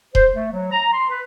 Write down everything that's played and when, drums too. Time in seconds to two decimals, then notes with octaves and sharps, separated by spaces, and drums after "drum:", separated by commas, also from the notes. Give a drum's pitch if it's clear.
0.15 C5, drum: kick D#1
0.34 A3
0.52 F#3
0.72 A#5
0.94 C6
1.10 B4